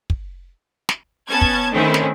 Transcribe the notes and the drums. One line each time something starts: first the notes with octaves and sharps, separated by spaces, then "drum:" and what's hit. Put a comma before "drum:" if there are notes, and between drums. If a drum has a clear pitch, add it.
drum: kick
drum: snare
B3 C#4 A5 G#6
drum: kick
D#3 A3 C4 C#4 E4
drum: snare